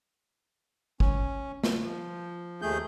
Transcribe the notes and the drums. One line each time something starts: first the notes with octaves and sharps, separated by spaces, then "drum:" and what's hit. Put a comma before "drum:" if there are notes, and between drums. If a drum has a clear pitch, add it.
C#4, drum: kick
drum: snare
F3
D#2 A3 G#4 G6